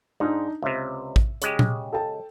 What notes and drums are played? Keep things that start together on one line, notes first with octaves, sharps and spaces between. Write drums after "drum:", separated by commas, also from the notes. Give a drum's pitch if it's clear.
G#2 D4 D#4
C#2 C3 E5
drum: kick A1
C#3 G#3 G4, drum: hi-hat
drum: tom A#2
A4 G5 A5